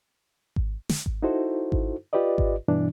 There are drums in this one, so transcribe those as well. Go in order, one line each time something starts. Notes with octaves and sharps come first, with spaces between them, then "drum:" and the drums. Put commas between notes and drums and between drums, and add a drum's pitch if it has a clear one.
drum: kick G#1
drum: snare
drum: kick G#1
D#4 E4 F#4 A4 C5
drum: kick G#1
F4 G4 B4 D5 D#5
drum: kick G#1
G2 B2 E3 D4